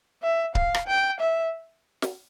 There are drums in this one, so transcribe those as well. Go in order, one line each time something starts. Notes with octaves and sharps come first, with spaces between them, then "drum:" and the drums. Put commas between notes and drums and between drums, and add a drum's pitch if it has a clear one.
E5
F5, drum: kick C#1
drum: rim click
G5
E5
drum: snare